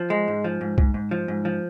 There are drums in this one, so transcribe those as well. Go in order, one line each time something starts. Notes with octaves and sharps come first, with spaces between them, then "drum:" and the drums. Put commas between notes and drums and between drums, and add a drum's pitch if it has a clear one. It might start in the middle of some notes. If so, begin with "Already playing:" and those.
Already playing: F3
G#3
G#2
F3
G#2
G#2, drum: kick C2
G#2
F3
G#2
F3